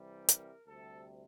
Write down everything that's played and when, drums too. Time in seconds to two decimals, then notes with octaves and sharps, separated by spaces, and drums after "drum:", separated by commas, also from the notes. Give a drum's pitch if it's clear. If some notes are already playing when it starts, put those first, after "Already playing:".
Already playing: C2 C3 E3 G3
0.29 A#4, drum: hi-hat
0.67 D2 C3 G3 A4